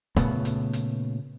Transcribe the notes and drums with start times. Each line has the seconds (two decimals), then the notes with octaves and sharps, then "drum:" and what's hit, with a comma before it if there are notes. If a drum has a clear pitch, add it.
0.16 A#2 C#3 A3 B3, drum: kick, hi-hat
0.45 drum: hi-hat
0.73 drum: hi-hat